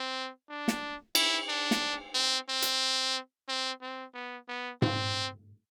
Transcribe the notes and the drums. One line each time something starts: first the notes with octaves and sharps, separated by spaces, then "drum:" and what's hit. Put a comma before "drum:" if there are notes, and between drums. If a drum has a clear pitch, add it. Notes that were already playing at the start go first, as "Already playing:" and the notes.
Already playing: C4
D4
drum: snare
E4, drum: cymbal
D4
drum: snare
C4
C4
drum: hi-hat
C4
C4
B3
B3
C4, drum: tom G#2